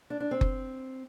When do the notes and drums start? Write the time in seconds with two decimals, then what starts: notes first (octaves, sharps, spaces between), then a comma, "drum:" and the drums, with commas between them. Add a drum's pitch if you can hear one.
0.10 D4
0.20 D4
0.31 C4
0.41 drum: kick F#1